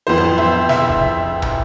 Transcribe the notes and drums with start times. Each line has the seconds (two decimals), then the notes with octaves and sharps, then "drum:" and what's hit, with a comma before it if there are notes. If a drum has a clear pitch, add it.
0.07 F2 E3 B3 C5
0.18 drum: tom F3
0.38 E5
0.69 E5, drum: snare
0.89 drum: kick E1
1.42 drum: tom